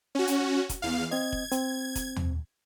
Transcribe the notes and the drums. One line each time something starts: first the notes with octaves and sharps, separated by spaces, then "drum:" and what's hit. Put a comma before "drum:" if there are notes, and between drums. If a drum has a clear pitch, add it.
C#4 F#4
drum: hi-hat
drum: kick, hi-hat
E2 F5
C4 D#5 G#6
drum: kick
C4, drum: hi-hat
drum: kick, hi-hat
drum: tom